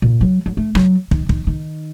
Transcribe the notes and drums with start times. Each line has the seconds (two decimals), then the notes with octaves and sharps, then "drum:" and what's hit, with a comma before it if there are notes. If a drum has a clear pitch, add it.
0.02 A#2
0.21 F#3
0.46 F#3
0.57 A3
0.75 F#3, drum: rim click
1.11 D#3, drum: kick
1.29 D#3, drum: kick
1.47 D#3